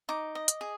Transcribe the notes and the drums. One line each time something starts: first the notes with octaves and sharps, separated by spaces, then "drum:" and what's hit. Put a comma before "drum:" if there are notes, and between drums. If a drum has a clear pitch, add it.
D#4 D6
D#5
drum: hi-hat
G#4